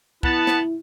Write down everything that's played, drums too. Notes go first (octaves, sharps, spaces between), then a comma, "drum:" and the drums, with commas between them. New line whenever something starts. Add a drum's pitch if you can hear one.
B3 E4 B4 A5, drum: kick
drum: snare